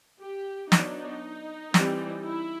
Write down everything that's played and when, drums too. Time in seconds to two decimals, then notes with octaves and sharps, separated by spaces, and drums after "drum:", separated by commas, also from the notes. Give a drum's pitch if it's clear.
0.20 G4
0.72 F#3 B3 D4 D#4, drum: snare
1.74 E3 G3 C4, drum: snare
2.25 E4